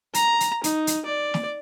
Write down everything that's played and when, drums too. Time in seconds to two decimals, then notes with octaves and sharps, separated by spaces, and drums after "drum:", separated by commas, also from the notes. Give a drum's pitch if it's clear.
0.14 A#5, drum: hi-hat
0.40 drum: hi-hat
0.64 D#4, drum: hi-hat
0.87 drum: hi-hat
1.06 D5
1.34 drum: snare